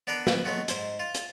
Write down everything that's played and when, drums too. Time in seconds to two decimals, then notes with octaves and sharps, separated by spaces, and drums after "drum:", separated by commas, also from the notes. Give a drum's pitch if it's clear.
0.07 B3 D4 A#4 B4
0.27 B4, drum: snare
0.45 F#3 G#3 A3 B3
0.68 G#2 C5 G#5, drum: hi-hat
0.99 F4
1.14 drum: hi-hat